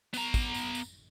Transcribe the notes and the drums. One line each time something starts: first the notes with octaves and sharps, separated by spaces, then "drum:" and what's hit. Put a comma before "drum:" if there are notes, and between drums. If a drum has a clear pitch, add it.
B3 A#5, drum: tambourine
drum: kick, tambourine
drum: tambourine
drum: tambourine